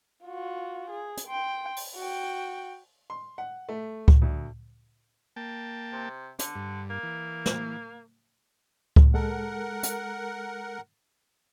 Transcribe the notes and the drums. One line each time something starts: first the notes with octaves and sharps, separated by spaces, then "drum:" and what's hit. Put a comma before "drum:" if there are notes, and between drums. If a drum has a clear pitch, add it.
F4 F#4
G#4
drum: hi-hat
G5 C6
drum: open hi-hat
F#4 G5
C6
F#5
A3
drum: kick C#2
D2
A#3 G5 A5
C3
D3, drum: hi-hat
G2
A#3
E3
drum: snare
drum: kick C#2
G#3 A4 A#4 F#5
drum: hi-hat